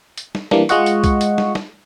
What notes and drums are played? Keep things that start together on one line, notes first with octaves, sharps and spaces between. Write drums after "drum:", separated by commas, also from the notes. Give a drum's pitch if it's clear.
drum: hi-hat
drum: snare
E3 G3 A#3 D4, drum: snare
G#3 F4 D#5 F#5 C#6, drum: hi-hat
drum: hi-hat
drum: kick B1, hi-hat
drum: hi-hat
drum: snare
drum: snare